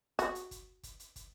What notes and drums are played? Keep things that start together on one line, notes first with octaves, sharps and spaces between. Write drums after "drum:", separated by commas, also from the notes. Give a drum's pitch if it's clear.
F#4, drum: kick, hi-hat
drum: hi-hat
drum: kick, hi-hat
drum: kick, hi-hat
drum: hi-hat
drum: kick, hi-hat